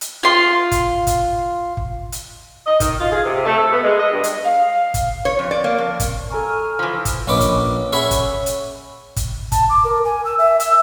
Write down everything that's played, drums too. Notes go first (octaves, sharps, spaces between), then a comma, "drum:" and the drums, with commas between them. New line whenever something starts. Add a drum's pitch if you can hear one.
drum: hi-hat
F4 C6
drum: kick, hi-hat
drum: kick, hi-hat
drum: kick
drum: hi-hat
D#5
D#3, drum: kick, hi-hat
F4
G#4
C3
A3
A4
B3
G#3
D#5
G2
drum: hi-hat
F5
drum: kick, hi-hat
C#5
F2
D5
A#3
F2
drum: kick, hi-hat
A4 G#5 A#5 C#6 F6
E3 F3
drum: kick, hi-hat
A#1 C#4 B4 D#5 D6
drum: kick, hi-hat
C#4 G#4 E5 F#5 B5
drum: kick, hi-hat
drum: hi-hat
drum: kick, hi-hat
A5, drum: kick, hi-hat
D6
A#4
G#5
E6
E5
E6, drum: hi-hat